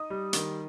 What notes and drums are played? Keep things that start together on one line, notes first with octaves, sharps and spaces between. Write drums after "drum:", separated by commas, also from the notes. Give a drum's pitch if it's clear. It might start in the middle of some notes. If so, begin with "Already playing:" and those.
Already playing: D#4 D#6
G3
D#3, drum: hi-hat